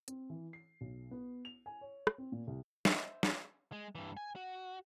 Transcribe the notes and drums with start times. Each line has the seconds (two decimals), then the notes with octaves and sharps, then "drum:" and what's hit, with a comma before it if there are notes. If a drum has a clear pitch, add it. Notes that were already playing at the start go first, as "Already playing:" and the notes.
0.08 C4, drum: hi-hat
0.30 E3
0.53 C7
0.81 B1
1.11 B3
1.45 F7
1.66 G#5
1.81 C#5
2.07 drum: rim click
2.18 C4
2.32 A#2
2.47 C2
2.85 C5 D#5 E5, drum: snare
3.23 drum: snare
3.72 G#3
3.95 G2 E3
4.17 G#5
4.36 F#4